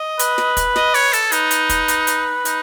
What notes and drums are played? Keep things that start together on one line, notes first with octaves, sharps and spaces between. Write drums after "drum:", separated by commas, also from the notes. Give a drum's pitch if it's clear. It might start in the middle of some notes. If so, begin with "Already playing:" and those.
Already playing: D#5
B4, drum: hi-hat
drum: snare
drum: kick, hi-hat
D#5, drum: snare
C#5, drum: open hi-hat
A4, drum: hi-hat
D#4 B4, drum: hi-hat
drum: hi-hat
drum: kick, hi-hat
drum: hi-hat
drum: hi-hat
D#4, drum: hi-hat